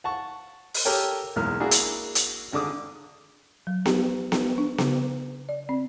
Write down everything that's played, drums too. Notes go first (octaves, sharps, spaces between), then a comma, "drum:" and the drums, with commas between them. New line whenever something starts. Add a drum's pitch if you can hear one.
F#5 A5 C#6
drum: open hi-hat
G4 A4 A#4 C#5 G5
B1 E2 E3 G#3 A#3 F6
A#3 D4 E4 F#4 G#4
drum: hi-hat
drum: hi-hat
G#1 D3 D4 D6 D#6
F#3
G4, drum: snare B3
drum: snare B3
D4
C#3, drum: snare B3
D5
C4